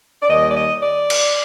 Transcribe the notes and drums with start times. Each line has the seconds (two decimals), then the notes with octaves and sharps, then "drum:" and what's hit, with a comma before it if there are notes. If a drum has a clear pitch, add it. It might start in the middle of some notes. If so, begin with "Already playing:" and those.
0.22 D5
0.29 D#2 D#3 G3 D#5
0.50 D5
0.55 D#5
0.82 D5
1.10 drum: cymbal